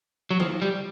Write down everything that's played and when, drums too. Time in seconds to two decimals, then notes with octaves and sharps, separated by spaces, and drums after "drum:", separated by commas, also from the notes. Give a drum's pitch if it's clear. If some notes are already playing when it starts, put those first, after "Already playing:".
0.31 F#3
0.40 F3, drum: tom D3
0.62 G3